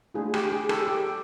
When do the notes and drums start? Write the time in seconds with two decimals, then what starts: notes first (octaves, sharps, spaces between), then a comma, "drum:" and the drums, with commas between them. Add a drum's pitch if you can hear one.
0.14 A3 D4 F4 G#4
0.34 G4, drum: rim click
0.52 G#4
0.69 G4 A4, drum: rim click
0.87 G4